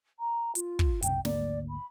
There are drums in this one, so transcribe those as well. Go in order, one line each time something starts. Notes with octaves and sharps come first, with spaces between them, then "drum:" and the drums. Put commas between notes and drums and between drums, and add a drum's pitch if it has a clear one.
A#5
F4, drum: hi-hat
drum: kick
F#1 C2 G5, drum: hi-hat
G#1 D2 A#3 D5, drum: snare
B5